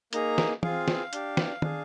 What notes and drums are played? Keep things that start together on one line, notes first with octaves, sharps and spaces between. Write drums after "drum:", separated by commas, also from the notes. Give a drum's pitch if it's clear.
A#3 D#4 G#4 A#5, drum: hi-hat
drum: snare
C4 F4 G#4 F5, drum: tom E3
drum: snare
D4 G4, drum: hi-hat
drum: snare
D4 G#4, drum: tom